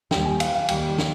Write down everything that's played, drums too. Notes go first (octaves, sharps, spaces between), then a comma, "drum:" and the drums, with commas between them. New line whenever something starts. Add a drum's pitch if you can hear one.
D#2 D#3 G3 G5, drum: snare
G#5
F5, drum: cymbal
F5
D#2 D#3 G3 G5, drum: cymbal
drum: snare